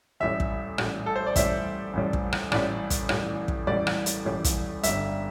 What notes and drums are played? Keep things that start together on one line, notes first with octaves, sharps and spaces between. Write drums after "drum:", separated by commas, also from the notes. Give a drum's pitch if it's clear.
A1 A2 G3 E5
drum: kick
A1 A2 G3, drum: rim click
A4
C5
D5
A1 A2 G3 E5, drum: kick, hi-hat
A1 A2 G3
drum: kick
drum: rim click
A1 A2 E3 G3 D5, drum: rim click
drum: kick, hi-hat
A1 A2 E3 G3, drum: rim click
drum: kick
A1 A2 E3 G3 D5
drum: rim click
drum: hi-hat
A1 A2 E3 G3
drum: kick, hi-hat
G1 G2 G3 E5, drum: hi-hat